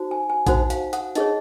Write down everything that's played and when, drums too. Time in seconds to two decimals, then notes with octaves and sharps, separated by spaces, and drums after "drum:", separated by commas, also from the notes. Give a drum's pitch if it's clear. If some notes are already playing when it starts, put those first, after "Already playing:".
Already playing: D#4 F#4 C5
0.11 G#5
0.30 G#5
0.47 D#4 F#4 C5 F#5, drum: kick A#1, hi-hat
0.70 F5, drum: hi-hat
0.93 F#5, drum: hi-hat
1.15 D#4 G#4 C#5 D#5, drum: hi-hat